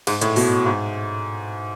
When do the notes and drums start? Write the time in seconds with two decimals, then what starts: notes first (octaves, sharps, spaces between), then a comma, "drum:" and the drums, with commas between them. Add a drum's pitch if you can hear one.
0.07 G#2, drum: cymbal
0.21 A2, drum: hi-hat
0.36 B2, drum: open hi-hat
0.66 G#2